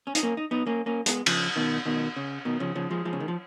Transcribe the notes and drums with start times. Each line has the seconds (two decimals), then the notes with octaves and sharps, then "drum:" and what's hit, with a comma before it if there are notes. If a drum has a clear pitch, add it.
0.07 C#4
0.15 D#4, drum: hi-hat
0.23 A#3 C#4
0.37 D#4
0.51 B3 D#4
0.67 A#3 C#4
0.86 A#3 C#4
1.06 G#3 B3, drum: hi-hat
1.26 C#3 F3, drum: cymbal
1.56 B2 D#3
1.86 B2 D#3
2.16 C#3
2.45 B2 D#3
2.60 C#3 F3
2.75 C#3 F3
2.91 F3 G#3
3.05 F3 G#3
3.13 C#3
3.20 D#3
3.28 F3